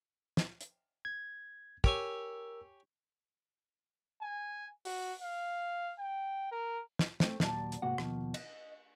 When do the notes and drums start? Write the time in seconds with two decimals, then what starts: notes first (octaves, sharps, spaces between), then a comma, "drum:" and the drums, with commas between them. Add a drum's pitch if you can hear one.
0.37 drum: snare
0.61 drum: hi-hat
1.05 G#6
1.84 G4 A#4 C#5 G#5 E6, drum: kick
4.22 G#5
4.85 F#4, drum: open hi-hat
5.22 F5
5.99 G5
6.52 A#4
6.99 drum: snare
7.20 A3 C4, drum: snare
7.40 D#2 A#2 F#3 F4 D5 A5, drum: snare
7.72 drum: hi-hat
7.82 G#2 C3 A#3 F#4 F#5
7.98 D#2 B2 F3, drum: rim click
8.34 D#5, drum: cymbal